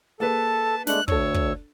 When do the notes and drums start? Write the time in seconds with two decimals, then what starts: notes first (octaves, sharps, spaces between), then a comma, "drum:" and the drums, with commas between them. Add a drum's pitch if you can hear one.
0.20 A#3 G#4 A4 B4 A5
0.87 G#3 A3 D4 F#6, drum: snare
1.08 D2 D4 A4 C#5 E6, drum: kick
1.34 drum: kick